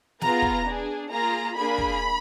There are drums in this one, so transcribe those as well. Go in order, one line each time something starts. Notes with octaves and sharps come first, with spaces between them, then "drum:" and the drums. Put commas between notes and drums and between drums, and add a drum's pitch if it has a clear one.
B3 F4 G#4 A#5, drum: snare
drum: kick
D4 G#4
A#3 F4 G#4 A#5
A#3 D4 G#4 B5
drum: kick